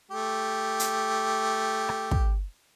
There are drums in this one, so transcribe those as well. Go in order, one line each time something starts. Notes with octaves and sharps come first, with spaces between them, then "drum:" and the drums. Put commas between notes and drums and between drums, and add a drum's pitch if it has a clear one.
A3 G4
drum: hi-hat
drum: rim click
drum: kick